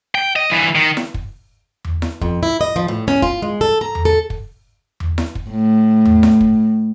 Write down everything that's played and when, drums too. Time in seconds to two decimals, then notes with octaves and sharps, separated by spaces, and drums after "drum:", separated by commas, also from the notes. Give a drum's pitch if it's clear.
0.15 G5
0.36 D#5
0.50 G2 E3
0.75 D#3
0.97 drum: snare E4
1.14 drum: kick
1.84 drum: tom E2
2.02 drum: snare E4
2.22 F2, drum: kick
2.43 E4
2.61 D#5
2.76 F3
2.88 A2
3.08 C#4, drum: snare E4
3.22 F4, drum: kick
3.42 G#3
3.61 A4
3.81 A#5
3.95 drum: tom E2
4.05 A4
4.30 drum: kick
5.00 drum: tom E2
5.18 drum: snare E4
5.35 drum: kick
5.50 A2
6.05 drum: tom E2
6.23 drum: snare E4
6.41 drum: kick